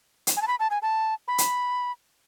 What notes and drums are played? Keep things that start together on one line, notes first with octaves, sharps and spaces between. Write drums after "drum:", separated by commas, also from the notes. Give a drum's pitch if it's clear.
drum: hi-hat
G#5
A5
B5
A5
G#5
A5
B5
drum: hi-hat